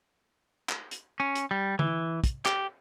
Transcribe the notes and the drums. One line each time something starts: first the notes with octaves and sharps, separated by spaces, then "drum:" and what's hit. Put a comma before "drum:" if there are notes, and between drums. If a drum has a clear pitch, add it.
drum: clap
drum: hi-hat
C#4
drum: hi-hat
G3
E3, drum: tom D3
drum: kick, hi-hat
G4, drum: clap